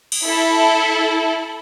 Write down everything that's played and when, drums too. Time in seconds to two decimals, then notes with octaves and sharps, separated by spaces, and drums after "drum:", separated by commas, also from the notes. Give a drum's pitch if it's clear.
0.12 drum: cymbal
0.25 E4 A4